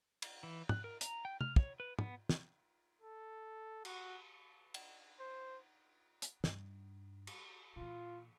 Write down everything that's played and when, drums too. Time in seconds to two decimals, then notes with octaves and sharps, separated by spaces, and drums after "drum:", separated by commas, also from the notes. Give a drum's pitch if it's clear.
0.22 drum: cymbal
0.43 E3
0.69 F#6, drum: tom
0.84 A#4
1.01 A#5, drum: hi-hat
1.25 G5
1.41 F6, drum: tom
1.56 C#5, drum: kick
1.80 B4
1.99 B3, drum: tom
2.29 drum: snare
3.02 A4
3.85 F#4, drum: cymbal
4.74 drum: cymbal
5.20 C5
6.22 drum: hi-hat
6.44 G2, drum: snare
7.27 drum: cymbal
7.76 A#2 E3 F4